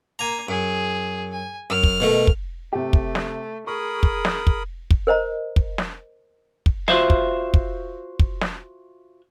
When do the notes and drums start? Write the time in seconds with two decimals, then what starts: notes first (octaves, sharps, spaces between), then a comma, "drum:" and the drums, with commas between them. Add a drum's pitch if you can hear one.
0.19 A#3 G#5 A#5
0.49 F#2 G#4
1.32 G#5
1.70 F#2 F6
1.83 drum: kick
2.00 B2 D#3 A3
2.27 drum: kick
2.73 C3 A3 G4
2.93 drum: kick
3.15 drum: snare
3.67 G#4 A#4 B5 C#6 D#6
4.03 drum: kick
4.25 drum: snare
4.47 drum: kick
4.90 drum: kick
5.07 A#4 C5 D#5 A#5
5.56 drum: kick
5.78 drum: snare
6.66 drum: kick
6.88 F4 F#4 C5 E5 F5, drum: snare
7.10 drum: kick
7.54 drum: kick
8.19 drum: kick
8.41 drum: snare